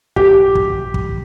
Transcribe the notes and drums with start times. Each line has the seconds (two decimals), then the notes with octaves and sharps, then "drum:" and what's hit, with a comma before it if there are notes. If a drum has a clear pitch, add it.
0.16 G4, drum: kick
0.55 drum: kick
0.94 drum: kick